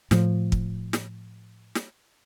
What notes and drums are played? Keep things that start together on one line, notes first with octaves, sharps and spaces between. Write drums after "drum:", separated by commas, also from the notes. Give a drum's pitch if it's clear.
A2 F3, drum: snare
drum: kick
drum: snare
drum: snare